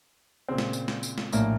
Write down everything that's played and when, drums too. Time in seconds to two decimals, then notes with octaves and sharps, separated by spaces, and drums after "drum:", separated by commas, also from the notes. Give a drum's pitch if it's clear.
0.48 A#2 C#3 C4
0.58 drum: snare
0.73 drum: tambourine
0.88 drum: snare
1.03 drum: tambourine
1.18 drum: snare
1.32 A#1 A2 A#3, drum: tambourine